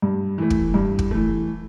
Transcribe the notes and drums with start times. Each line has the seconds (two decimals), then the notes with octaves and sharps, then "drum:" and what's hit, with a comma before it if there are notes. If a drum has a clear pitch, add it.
0.02 G2
0.38 E3 A3
0.50 drum: kick
0.74 G2
0.99 drum: kick
1.11 E3 A3